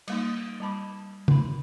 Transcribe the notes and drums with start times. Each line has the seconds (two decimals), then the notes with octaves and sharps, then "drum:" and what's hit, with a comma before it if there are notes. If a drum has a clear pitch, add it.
0.08 G3 A#3 D#4, drum: cymbal
0.60 G3 A5 B5 D6
1.28 D#4 B5, drum: tom